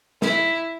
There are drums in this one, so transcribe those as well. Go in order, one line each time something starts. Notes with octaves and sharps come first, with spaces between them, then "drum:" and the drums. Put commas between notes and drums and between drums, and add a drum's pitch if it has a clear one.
E4, drum: snare